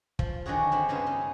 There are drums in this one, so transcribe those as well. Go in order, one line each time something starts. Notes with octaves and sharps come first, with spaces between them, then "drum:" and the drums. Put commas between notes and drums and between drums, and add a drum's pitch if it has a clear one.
F3, drum: kick
D3 D#3 F#3 D4 F#4 G#4
D3 C4 B5
G2 C#3 G#3 B3 D#4
B3